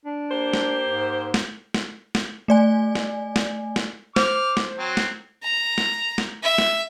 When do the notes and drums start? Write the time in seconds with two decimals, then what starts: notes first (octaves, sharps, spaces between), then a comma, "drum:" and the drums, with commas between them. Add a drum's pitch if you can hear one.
0.05 D4
0.31 A#3 G4 C5
0.53 drum: snare
0.88 G#2
1.34 drum: snare
1.74 drum: snare
2.15 drum: snare
2.48 A3 D5 G#5
2.95 drum: snare
3.36 drum: snare
3.76 drum: snare
4.16 C5 D6 F6, drum: snare
4.57 drum: snare
4.78 F#3 C4
4.97 drum: snare
5.43 A#5
5.78 drum: snare
6.18 drum: snare
6.43 E5
6.58 drum: snare